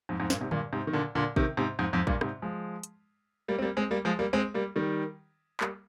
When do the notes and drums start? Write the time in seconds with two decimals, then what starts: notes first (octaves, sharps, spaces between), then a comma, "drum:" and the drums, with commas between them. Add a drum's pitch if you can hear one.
0.09 F2 G#2
0.20 F2 G#2
0.30 G2 A#2, drum: snare
0.40 G#2 C3
0.51 G2 A#2, drum: tom D3
0.73 G#2 C3
0.87 D#3
0.93 A#2 D3
1.15 A#2 D3
1.36 C3 D#3, drum: kick A1
1.57 G#2 C3
1.79 F2 G#2
1.93 F2 G#2
2.07 G2 A#2, drum: kick A1
2.21 G#2 C3, drum: rim click
2.42 F3 G#3
2.83 drum: hi-hat
3.48 G3 A#3
3.59 C4
3.62 G3 A#3
3.77 G#3 C4
3.91 G3 A#3
4.05 F3 G#3
4.19 G3 A#3
4.33 G#3 C4
4.54 G3 A#3
4.76 D#3 G3
5.61 G3 A#3, drum: clap